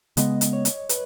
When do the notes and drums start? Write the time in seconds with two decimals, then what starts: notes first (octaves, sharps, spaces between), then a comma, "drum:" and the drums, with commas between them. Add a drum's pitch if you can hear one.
0.17 C#3 G#3 B3 D#5, drum: hi-hat
0.41 drum: hi-hat
0.53 C#5
0.65 drum: hi-hat
0.89 B4, drum: hi-hat